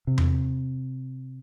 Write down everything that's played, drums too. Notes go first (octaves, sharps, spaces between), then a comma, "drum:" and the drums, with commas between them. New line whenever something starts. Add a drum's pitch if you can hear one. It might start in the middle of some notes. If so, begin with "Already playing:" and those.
C3
drum: tom E2